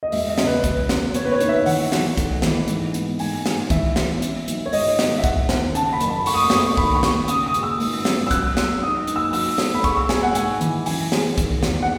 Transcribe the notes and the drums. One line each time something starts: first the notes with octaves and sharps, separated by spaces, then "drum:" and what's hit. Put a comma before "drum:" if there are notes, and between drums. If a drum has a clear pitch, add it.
D#5
E1 E5, drum: open hi-hat
D#5
C#3, drum: snare
B4
E1, drum: kick, hi-hat
C#3, drum: snare
B3 C#5, drum: hi-hat
B4
C#5
D#4, drum: hi-hat
E5
E5
E3 F#5, drum: open hi-hat
B1, drum: snare
A3, drum: kick, hi-hat
E3, drum: snare
G#2, drum: hi-hat
B3, drum: hi-hat
G#2 G#5, drum: open hi-hat
G#2, drum: snare
E3 E5, drum: kick, hi-hat
B3, drum: snare
C#4, drum: hi-hat
B1, drum: hi-hat
C#5
G#2 D#5, drum: open hi-hat
D#3, drum: snare
E5
E2 F#5, drum: kick, hi-hat
D#3, drum: snare
C#3 A5, drum: hi-hat
B5
F#1, drum: hi-hat
B5
A3 C#6, drum: open hi-hat
D#6
C#6
A3 D#6, drum: snare
C#6
D#3 B5, drum: kick
C#6
D#3, drum: snare
C#3 D#6, drum: hi-hat
D#6
G#3, drum: hi-hat
E6
G#1, drum: open hi-hat
F#2, drum: snare
E6
F#2 F#6, drum: kick, hi-hat
G#3, drum: snare
D#4 D#6
D#4, drum: hi-hat
E6
F#3 E6, drum: open hi-hat
A3, drum: snare
B5
G#3 C#6, drum: kick, hi-hat
E6
G#3 G#5, drum: snare
F#5
G#2 G#5, drum: hi-hat
E3, drum: hi-hat
F#2 G#5, drum: open hi-hat
G#3, drum: snare
D#3, drum: kick, hi-hat
E2, drum: snare
F#5